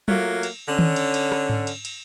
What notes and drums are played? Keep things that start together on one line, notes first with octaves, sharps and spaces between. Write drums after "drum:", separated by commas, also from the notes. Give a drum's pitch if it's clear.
F#3 A3 A#3 F4, drum: tom F#3
drum: cymbal
D3 C#4
drum: tom D#3
drum: cymbal
drum: cymbal
drum: rim click
drum: tom G#2
drum: cymbal
drum: cymbal